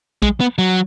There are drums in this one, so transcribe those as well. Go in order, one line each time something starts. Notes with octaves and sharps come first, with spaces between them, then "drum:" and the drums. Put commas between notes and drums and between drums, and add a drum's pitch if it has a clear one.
G#3, drum: kick A#1
B3
F#3